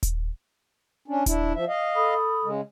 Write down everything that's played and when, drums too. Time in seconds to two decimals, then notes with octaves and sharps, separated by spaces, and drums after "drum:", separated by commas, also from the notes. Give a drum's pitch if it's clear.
0.03 drum: kick D#1, hi-hat
1.08 C#4 D4
1.26 D4 E4, drum: kick D#1, hi-hat
1.55 F3 E5
1.68 D#5 F5
1.95 A4 B5 D#6
2.44 C#3 G#3